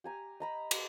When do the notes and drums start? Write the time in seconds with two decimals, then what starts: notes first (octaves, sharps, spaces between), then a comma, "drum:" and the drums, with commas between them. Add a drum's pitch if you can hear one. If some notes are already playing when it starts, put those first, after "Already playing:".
0.04 G4 G#5 A#5
0.40 D#5 A#5 B5
0.71 drum: cymbal